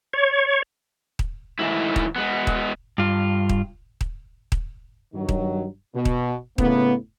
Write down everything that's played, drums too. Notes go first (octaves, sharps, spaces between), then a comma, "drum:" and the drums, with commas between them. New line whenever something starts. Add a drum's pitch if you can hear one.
C#5
drum: kick D#1
G#2 D#3 E3 A3 E4
drum: kick D#1
G#3 B3
drum: kick D#1
G2 F4
drum: kick D#1
drum: kick D#1
drum: kick D#1
G2 D#3 F#3
drum: kick D#1
B2
drum: kick D#1
A2 C#3 A#3 B3, drum: kick D#1